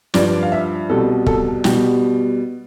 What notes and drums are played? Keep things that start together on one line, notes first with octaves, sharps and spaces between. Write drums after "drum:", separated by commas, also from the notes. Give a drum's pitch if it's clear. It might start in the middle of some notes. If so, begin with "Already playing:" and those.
G2 F3 D5, drum: snare
D5
F5
E5
C2 B2 G3 A4
A4, drum: kick
B2 G3 G4, drum: snare